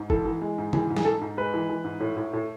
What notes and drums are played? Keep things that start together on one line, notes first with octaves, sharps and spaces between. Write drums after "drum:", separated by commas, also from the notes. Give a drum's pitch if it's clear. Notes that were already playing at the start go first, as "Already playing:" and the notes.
Already playing: G#2
E3 A4, drum: kick F#1
E3
G#3
G#2
E3 G#4, drum: tom C#3
G#2
G#4, drum: snare
G#2 A4
G#2
G#3 B4
E3
E3
G#2
A2
A2
A2